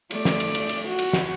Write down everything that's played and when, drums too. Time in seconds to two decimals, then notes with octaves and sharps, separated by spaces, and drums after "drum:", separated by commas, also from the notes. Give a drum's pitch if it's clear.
0.11 A3 D5, drum: cymbal
0.25 drum: snare
0.40 drum: cymbal
0.55 drum: cymbal
0.69 drum: cymbal
0.89 F#4
0.99 drum: cymbal
1.13 drum: snare